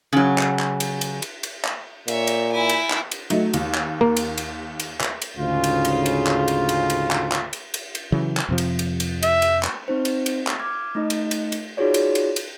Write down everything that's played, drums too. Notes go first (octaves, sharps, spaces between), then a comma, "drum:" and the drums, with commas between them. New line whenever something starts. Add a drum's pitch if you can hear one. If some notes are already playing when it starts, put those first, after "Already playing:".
C#3 F#3
drum: clap
drum: clap
drum: cymbal
drum: cymbal
drum: cymbal
drum: cymbal
drum: clap
A#2 C#5 E5, drum: cymbal
drum: cymbal
E4 G#5
drum: cymbal
drum: clap
drum: cymbal
F#3 A3 D#4, drum: cymbal
D#2, drum: cymbal
drum: clap
A#3
drum: cymbal
drum: cymbal
drum: cymbal
drum: clap
drum: cymbal
D2 G#2 C#3 F4
drum: cymbal
drum: cymbal
drum: cymbal
drum: clap
drum: cymbal
drum: cymbal
drum: cymbal
drum: clap
drum: clap
drum: cymbal
drum: cymbal
drum: cymbal
C#3 E3 F#3
drum: clap
F2 C3 F3
drum: cymbal
drum: cymbal
drum: cymbal
E5, drum: cymbal
drum: cymbal
drum: clap
C4 D#4 C5
drum: cymbal
drum: cymbal
drum: clap
D6 F6 G#6
A3 D#4 D#5
drum: cymbal
drum: cymbal
drum: cymbal
D#4 F4 F#4 G#4 C#5 D5
drum: cymbal
drum: cymbal
drum: cymbal